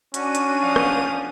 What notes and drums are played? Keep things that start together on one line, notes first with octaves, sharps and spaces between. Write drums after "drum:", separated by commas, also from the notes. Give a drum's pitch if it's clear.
C#4 D4 F#4 D#7, drum: hi-hat
drum: hi-hat
F3 F5 D#6
drum: rim click